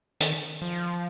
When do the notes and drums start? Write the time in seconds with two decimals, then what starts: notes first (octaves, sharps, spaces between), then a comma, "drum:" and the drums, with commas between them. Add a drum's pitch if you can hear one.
0.21 D#3, drum: hi-hat
0.62 F3